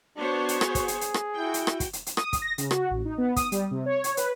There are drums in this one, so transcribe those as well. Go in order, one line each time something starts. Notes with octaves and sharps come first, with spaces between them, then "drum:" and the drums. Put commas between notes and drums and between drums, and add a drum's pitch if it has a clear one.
B3 D4 F#4 C5 C#5
drum: hi-hat
G#4, drum: rim click
drum: kick, hi-hat
drum: hi-hat
drum: hi-hat
drum: rim click
E4 F#4 G5
drum: hi-hat
drum: rim click
drum: kick, hi-hat
drum: hi-hat
drum: hi-hat
D#6, drum: rim click
drum: kick, hi-hat
A#6
C#3, drum: hi-hat
F#4, drum: rim click
A1
D#4
B3
D#6, drum: kick, hi-hat
G3, drum: hi-hat
C3
C#5
drum: hi-hat
B4, drum: hi-hat